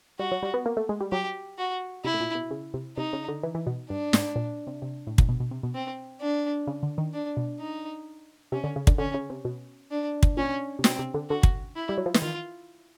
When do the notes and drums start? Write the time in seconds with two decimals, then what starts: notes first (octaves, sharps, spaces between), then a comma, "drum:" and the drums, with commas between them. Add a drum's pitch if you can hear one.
0.19 G3 F#4
0.32 F#3
0.43 G3
0.54 B3
0.66 A#3
0.77 A3
0.89 G#3
1.01 G3
1.12 F#3 G4
1.58 F#4
2.05 C3 E4
2.14 A2
2.20 A#2
2.35 B2
2.51 C#3
2.74 C3
2.97 C3 D#4
3.13 C#3
3.28 D3
3.43 E3
3.55 E3
3.67 B2
3.90 G2 D4
4.13 G#2, drum: snare
4.36 A#2
4.67 C3
4.82 C3
5.07 A2
5.18 A#2, drum: kick
5.29 B2
5.40 B2
5.51 C3
5.63 B2
5.75 C4
6.21 D4
6.67 C#3
6.83 D3
6.98 D#3
7.14 D4
7.37 B2
7.60 D#4
8.52 C3 C#4
8.64 D3
8.76 C#3
8.87 D3, drum: kick
8.98 D3 C#4
9.14 C#3
9.30 C3
9.45 B2
9.91 D4
10.23 drum: kick
10.37 A#2 C#4
10.79 C3
10.84 B2 C4, drum: snare
10.99 C3
11.14 D3
11.30 D3 F#4
11.43 drum: kick
11.76 E4
11.89 G3
11.98 F#3
12.06 F3
12.14 E3, drum: snare
12.22 D#3 F4